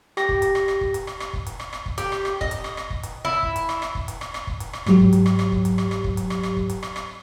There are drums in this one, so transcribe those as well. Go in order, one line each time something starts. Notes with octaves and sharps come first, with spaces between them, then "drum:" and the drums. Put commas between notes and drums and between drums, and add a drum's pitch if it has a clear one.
G4 A#6, drum: rim click
drum: kick
drum: hi-hat
drum: rim click
drum: rim click
drum: kick
drum: hi-hat
drum: rim click
drum: rim click
drum: kick
drum: hi-hat
drum: rim click
drum: rim click
drum: kick
G4, drum: hi-hat
drum: rim click
drum: rim click
D#5, drum: kick
drum: hi-hat
drum: rim click
drum: rim click
drum: kick
drum: hi-hat
E4
drum: kick
drum: hi-hat
drum: rim click
drum: rim click
drum: kick
drum: hi-hat
drum: rim click
drum: rim click
drum: kick
drum: hi-hat
drum: rim click
G#2 F#3 G4, drum: rim click
drum: kick
drum: hi-hat
drum: rim click
drum: rim click
drum: kick
drum: hi-hat
drum: rim click
drum: rim click
drum: kick
drum: hi-hat
drum: rim click
drum: rim click
drum: kick
drum: hi-hat
drum: rim click
drum: rim click